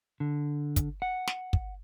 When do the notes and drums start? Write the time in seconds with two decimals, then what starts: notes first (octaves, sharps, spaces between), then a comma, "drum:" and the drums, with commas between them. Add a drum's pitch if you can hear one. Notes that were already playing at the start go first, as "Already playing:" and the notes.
0.20 D3
0.76 drum: kick, hi-hat
1.02 F#5
1.27 drum: snare
1.53 drum: kick